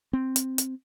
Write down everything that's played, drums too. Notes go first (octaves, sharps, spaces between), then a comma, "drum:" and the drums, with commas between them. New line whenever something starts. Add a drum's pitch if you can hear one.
C4
drum: hi-hat
drum: hi-hat